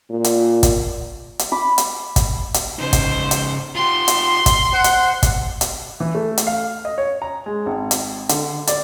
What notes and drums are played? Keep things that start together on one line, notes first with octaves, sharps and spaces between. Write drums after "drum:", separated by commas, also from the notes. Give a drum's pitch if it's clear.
A#2
drum: hi-hat
drum: kick, hi-hat
drum: hi-hat
B5 D6
drum: hi-hat
drum: kick, hi-hat
drum: hi-hat
C#3 D#4 C5
drum: kick, hi-hat
drum: hi-hat
F4 G4 C6
drum: hi-hat
drum: kick, hi-hat
C5 F#5
drum: hi-hat
drum: kick, hi-hat
drum: hi-hat
E3
A3
drum: hi-hat
F5
D#5
C#5
A#5
G#3
G#1
drum: hi-hat
D3, drum: hi-hat
D5, drum: hi-hat